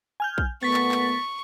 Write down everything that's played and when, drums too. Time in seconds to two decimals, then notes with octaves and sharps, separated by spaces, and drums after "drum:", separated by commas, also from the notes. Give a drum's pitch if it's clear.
0.20 G#5 F6 G6
0.38 drum: kick A#1
0.63 A#2 A3 B3 C#6 A6 B6
0.74 drum: clap
0.92 drum: clap